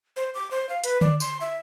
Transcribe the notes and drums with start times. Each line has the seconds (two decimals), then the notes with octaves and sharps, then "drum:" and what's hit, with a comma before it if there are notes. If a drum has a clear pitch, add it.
0.16 C5
0.34 D6
0.51 C5
0.69 F5
0.84 B4, drum: hi-hat
1.01 D5, drum: tom D3
1.20 C6, drum: tambourine
1.41 E5